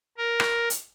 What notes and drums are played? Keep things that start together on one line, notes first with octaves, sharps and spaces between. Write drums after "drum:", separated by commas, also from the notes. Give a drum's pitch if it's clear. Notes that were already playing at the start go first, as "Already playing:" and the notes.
A#4
drum: rim click
drum: hi-hat